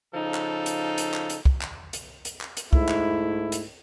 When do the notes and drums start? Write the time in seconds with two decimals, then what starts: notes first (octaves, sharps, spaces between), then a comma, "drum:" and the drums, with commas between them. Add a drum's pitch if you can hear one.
0.14 C#3 F3 D#4 A4
0.34 drum: clap
0.66 drum: hi-hat
0.98 drum: hi-hat
1.14 drum: clap
1.30 drum: hi-hat
1.45 drum: kick
1.61 drum: clap
1.93 drum: hi-hat
2.25 drum: hi-hat
2.41 drum: clap
2.57 drum: hi-hat
2.73 G#2 A3 E4, drum: kick
2.89 drum: clap
3.52 drum: hi-hat